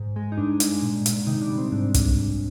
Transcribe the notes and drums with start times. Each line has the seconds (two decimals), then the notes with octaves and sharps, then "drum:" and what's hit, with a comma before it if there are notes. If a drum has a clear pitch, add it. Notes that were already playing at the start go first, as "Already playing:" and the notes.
Already playing: G#2
0.16 G#3
0.32 D#4
0.37 G2 D4
0.60 G#3, drum: hi-hat
0.83 A#2
1.06 A#2, drum: hi-hat
1.27 C3 D#3 D#4
1.42 D4
1.50 G3
1.58 C4
1.72 G#2 D4
1.94 G#2, drum: kick, hi-hat
2.16 G#2